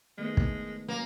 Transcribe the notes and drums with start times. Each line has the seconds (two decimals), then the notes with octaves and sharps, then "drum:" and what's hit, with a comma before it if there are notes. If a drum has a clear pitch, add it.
0.18 D#3 G#3 A3 B3
0.37 drum: kick
0.88 C3 F#3 A#3 C#4